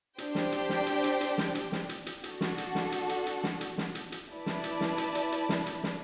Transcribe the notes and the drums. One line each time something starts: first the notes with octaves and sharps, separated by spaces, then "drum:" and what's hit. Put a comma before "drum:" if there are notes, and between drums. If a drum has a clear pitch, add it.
D4 G4 C5 G5, drum: hi-hat
drum: snare
drum: hi-hat
drum: snare
drum: hi-hat
drum: hi-hat
drum: hi-hat
drum: snare
drum: hi-hat
drum: snare
drum: hi-hat
drum: hi-hat
D4 F#4 A4, drum: hi-hat
drum: snare
drum: hi-hat
drum: snare
drum: hi-hat
drum: hi-hat
drum: hi-hat
drum: snare
drum: hi-hat
drum: snare
drum: hi-hat
drum: hi-hat
E4 B4 D5 A5
drum: snare
drum: hi-hat
drum: snare
drum: hi-hat
drum: hi-hat
drum: hi-hat
drum: snare
drum: hi-hat
drum: snare